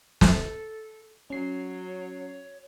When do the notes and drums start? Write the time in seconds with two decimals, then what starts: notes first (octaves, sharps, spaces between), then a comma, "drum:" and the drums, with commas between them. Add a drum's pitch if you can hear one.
0.21 A4, drum: snare
1.30 F#3 C#4 C#5 C7